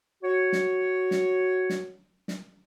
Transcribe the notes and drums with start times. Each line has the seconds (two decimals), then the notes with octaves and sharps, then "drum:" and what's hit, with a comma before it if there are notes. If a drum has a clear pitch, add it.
0.23 F#4 C#5
0.53 drum: snare
1.11 drum: snare
1.70 drum: snare
2.28 drum: snare